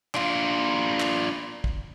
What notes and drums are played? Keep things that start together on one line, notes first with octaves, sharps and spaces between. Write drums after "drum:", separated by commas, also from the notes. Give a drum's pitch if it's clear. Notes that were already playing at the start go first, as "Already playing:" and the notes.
D4 F4, drum: clap
drum: clap
drum: kick